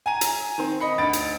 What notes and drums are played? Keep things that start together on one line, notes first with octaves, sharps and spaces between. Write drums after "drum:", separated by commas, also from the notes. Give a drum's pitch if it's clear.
G#5 A#5 D#7
drum: hi-hat
D#3 C4
D#5 B5 C#7
D2 A6 D7
drum: hi-hat